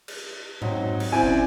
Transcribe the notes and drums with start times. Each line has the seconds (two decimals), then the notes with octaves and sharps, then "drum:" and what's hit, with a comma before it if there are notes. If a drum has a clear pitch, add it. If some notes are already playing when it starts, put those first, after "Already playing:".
0.08 drum: cymbal
0.62 F#3 C4 D#4, drum: tom G#2
1.00 drum: cymbal
1.12 C4 C#4 E4 C5 D5 E5 G#5
1.23 drum: kick F#1